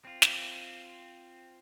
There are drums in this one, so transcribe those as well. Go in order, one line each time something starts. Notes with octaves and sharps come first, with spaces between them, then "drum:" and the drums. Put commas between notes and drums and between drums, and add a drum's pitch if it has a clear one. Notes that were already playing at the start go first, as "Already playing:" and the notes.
C4 F4
drum: snare